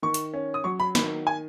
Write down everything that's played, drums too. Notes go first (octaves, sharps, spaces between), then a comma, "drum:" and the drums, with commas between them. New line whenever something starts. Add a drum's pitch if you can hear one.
D#3 C#6
drum: hi-hat
C#4
D#6
F#3 C#6
B5
D#3 B5, drum: snare
G#5